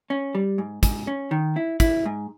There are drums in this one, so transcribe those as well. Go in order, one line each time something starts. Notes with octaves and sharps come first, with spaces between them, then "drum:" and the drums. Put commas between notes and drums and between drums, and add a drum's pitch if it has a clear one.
C#4
G3
G#2
G#2, drum: kick, hi-hat
C#4
D#3
E4
E4, drum: kick, hi-hat
G#2